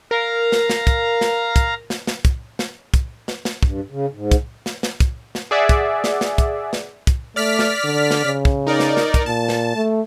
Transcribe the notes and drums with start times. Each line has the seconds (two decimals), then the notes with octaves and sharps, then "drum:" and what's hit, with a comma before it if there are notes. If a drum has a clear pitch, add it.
0.11 A#4 F5 A#5
0.52 drum: snare
0.70 drum: snare
0.87 drum: kick, hi-hat
1.21 drum: snare
1.56 drum: kick, hi-hat
1.90 drum: snare
2.07 drum: snare
2.25 drum: kick, hi-hat
2.59 drum: snare
2.94 drum: kick, hi-hat
3.28 drum: snare
3.45 drum: snare
3.63 G2, drum: kick
3.90 C#3
4.13 G#2
4.31 drum: kick, hi-hat
4.66 drum: snare
4.83 drum: snare
5.00 drum: kick, hi-hat
5.35 drum: snare
5.51 G#4 D5 E5 F#5
5.69 drum: kick, hi-hat
6.04 drum: snare
6.21 drum: snare
6.38 drum: kick, hi-hat
6.73 drum: snare
7.07 drum: kick, hi-hat
7.36 A3 D5 F6 B6
7.59 drum: snare
7.84 D3
8.11 drum: snare
8.25 C#3
8.45 drum: kick
8.67 D#4 A#4 D5
8.80 drum: snare
8.97 drum: snare
9.14 drum: kick, hi-hat
9.26 A#2 A5
9.49 drum: snare
9.76 A3